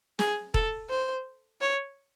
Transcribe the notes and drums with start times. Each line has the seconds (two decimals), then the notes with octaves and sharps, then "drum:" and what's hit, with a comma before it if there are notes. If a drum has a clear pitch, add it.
0.19 G#4, drum: snare
0.54 A4, drum: kick E1
0.89 C5
1.61 C#5